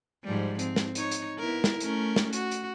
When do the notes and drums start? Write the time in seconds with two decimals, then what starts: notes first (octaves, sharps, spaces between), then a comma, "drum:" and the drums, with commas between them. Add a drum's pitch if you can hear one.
0.24 G#2 F3 G3
0.59 C4, drum: hi-hat
0.76 drum: snare
0.95 D#4 C#5, drum: hi-hat
1.11 drum: hi-hat
1.38 B3 E4 A#4
1.64 drum: snare
1.80 A3 C#4 A#4, drum: hi-hat
2.16 drum: snare
2.33 F#4, drum: hi-hat
2.51 drum: hi-hat